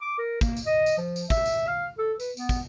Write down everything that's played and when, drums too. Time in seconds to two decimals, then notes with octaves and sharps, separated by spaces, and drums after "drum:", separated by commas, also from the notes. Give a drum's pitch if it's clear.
0.01 D6
0.19 A#4
0.41 A#3, drum: kick, tambourine
0.57 drum: tambourine
0.66 D#5
0.86 drum: tambourine
0.98 F3
1.16 drum: tambourine
1.30 E5, drum: kick, tambourine
1.46 drum: tambourine
1.67 F5
1.98 A4
2.20 B4, drum: tambourine
2.37 B3, drum: tambourine
2.49 drum: kick, tambourine